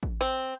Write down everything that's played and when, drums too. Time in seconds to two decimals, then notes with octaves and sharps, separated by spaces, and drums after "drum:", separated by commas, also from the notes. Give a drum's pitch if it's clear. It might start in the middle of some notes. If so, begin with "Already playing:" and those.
0.03 drum: kick A1
0.21 C4